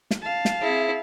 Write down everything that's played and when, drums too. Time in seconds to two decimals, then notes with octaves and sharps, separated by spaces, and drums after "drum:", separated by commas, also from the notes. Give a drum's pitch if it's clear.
0.11 drum: snare
0.22 F5 A5
0.45 drum: snare
0.62 C4 E4 G#4 E5